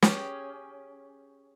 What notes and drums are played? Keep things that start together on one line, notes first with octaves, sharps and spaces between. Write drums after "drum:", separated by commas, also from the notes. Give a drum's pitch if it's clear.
C#4 G4 G#4, drum: snare